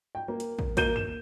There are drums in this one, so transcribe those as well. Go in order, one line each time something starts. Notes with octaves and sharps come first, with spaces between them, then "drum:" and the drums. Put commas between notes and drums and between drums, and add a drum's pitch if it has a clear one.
G5
A#3
drum: hi-hat
drum: kick
A#3 G6 D#7 G7, drum: kick, hi-hat
E7, drum: tom